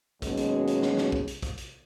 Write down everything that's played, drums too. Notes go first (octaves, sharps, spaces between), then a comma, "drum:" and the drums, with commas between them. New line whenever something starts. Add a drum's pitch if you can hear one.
D#2 B2 F#3 G#3 C#4, drum: kick, hi-hat
drum: hi-hat
drum: hi-hat
drum: snare
drum: snare
drum: kick
drum: hi-hat
drum: kick, hi-hat
drum: hi-hat